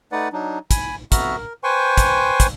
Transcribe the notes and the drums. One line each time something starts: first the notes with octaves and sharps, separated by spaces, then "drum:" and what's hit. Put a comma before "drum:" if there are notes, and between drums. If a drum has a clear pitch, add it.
A3 D#4 B4 D5 F#5
F#3 D4 D#4
G#5 B5, drum: kick, hi-hat
F2 B3 F#4 E5 A#5 F6, drum: kick, hi-hat
A#4
B4 C5 G5 G#5 C6 C#6
drum: kick, hi-hat
drum: kick, hi-hat